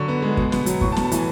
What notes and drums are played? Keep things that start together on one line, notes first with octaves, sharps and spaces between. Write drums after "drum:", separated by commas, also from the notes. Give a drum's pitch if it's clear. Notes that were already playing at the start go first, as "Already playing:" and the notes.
Already playing: D3 F#3 C#6
B3
G#3
B2, drum: kick
B3, drum: snare
F#3, drum: hi-hat
A2 C#6, drum: kick
A5
B3, drum: snare
A5
E3 G#5, drum: hi-hat